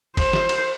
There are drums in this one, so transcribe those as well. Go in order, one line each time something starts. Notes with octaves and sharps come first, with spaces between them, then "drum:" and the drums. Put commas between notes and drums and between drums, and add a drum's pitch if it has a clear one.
C5, drum: kick G#1, cymbal
drum: snare
drum: cymbal